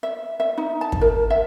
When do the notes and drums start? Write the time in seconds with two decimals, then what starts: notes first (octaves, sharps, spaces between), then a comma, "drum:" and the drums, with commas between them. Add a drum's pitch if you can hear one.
0.03 E5
0.40 E5
0.58 D#4
0.81 A5
0.92 drum: kick
1.01 A#4
1.30 E5